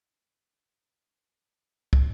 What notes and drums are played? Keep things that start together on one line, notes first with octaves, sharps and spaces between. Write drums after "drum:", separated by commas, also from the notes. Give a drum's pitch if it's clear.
G#2 D#3 A3 D4 B4 C6
drum: kick